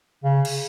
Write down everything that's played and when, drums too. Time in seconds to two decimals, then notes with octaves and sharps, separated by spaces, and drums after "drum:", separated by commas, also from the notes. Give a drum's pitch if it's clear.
0.24 C#3
0.45 drum: cymbal